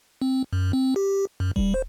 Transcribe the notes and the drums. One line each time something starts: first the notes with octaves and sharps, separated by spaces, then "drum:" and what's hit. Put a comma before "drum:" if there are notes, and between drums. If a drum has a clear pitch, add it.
C4
F#2
C4
G4
F#2
G3, drum: kick D#1
C5